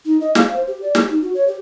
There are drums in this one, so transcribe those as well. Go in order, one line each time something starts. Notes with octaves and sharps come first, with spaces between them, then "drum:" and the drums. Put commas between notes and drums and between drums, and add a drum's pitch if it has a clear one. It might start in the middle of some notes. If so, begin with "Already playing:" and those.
D#4
D#5
F5, drum: snare
C5
G4
D5
G4, drum: snare
D#4
F#4
C#5
G4